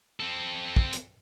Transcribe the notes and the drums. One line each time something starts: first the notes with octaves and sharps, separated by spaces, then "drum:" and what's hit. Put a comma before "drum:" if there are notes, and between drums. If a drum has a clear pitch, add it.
C4 A4
drum: kick
drum: hi-hat